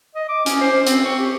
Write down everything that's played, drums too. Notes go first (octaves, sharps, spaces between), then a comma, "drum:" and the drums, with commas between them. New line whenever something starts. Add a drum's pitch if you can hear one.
D#5
D6
C#4, drum: hi-hat
C5
C4, drum: hi-hat
C#6
G4